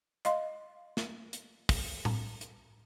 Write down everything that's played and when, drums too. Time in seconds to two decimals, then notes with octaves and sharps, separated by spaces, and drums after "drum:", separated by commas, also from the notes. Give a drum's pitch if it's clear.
0.25 D#5 F5 C6, drum: hi-hat
0.97 drum: snare
1.33 drum: hi-hat
1.69 drum: kick, open hi-hat
2.05 drum: tom A2
2.41 drum: hi-hat